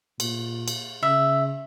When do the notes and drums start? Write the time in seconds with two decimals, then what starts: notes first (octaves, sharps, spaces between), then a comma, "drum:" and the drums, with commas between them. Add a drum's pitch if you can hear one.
0.20 A#2, drum: cymbal
0.68 drum: cymbal
1.03 C#3 E5